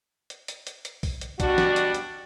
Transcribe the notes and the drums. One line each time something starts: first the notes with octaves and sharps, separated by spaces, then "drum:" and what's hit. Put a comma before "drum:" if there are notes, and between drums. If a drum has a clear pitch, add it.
drum: hi-hat
drum: hi-hat
drum: hi-hat
drum: hi-hat
drum: kick, open hi-hat
drum: hi-hat
B2 G3 D4 F#4, drum: kick, hi-hat
drum: snare
drum: hi-hat
drum: hi-hat